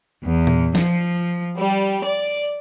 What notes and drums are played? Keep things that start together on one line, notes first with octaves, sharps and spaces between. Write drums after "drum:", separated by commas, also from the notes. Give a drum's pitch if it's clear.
E2
drum: tom A#2
F3, drum: snare
G3
D5